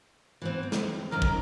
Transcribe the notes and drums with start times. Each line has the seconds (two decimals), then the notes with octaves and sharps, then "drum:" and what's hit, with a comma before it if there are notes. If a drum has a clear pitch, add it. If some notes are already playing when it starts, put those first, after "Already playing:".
0.42 E3 B3 C4
0.63 C4
0.72 drum: snare
1.11 F#2 D#3 A#4 A#5
1.22 drum: kick